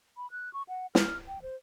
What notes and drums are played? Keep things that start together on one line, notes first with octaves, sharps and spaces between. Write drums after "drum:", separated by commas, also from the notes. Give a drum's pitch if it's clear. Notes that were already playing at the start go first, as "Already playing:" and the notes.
B5
F#6
C#6
F#5
F6, drum: snare
G5
C5